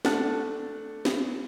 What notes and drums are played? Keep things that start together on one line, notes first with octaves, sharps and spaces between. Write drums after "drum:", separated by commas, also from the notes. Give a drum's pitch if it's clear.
A3 D4 F#5 A5 F#6, drum: snare
drum: snare